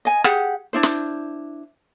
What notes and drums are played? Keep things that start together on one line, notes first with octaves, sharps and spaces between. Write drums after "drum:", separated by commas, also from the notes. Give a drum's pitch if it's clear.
D#5 G#5
G4 G#4 F#5, drum: rim click
D4 E4 C5
drum: snare